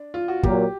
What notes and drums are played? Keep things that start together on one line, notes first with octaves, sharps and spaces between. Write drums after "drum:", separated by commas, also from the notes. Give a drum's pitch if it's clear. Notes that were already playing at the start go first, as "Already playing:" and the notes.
Already playing: D4
F4
F#4
A#2 F#3 A#3 G4, drum: kick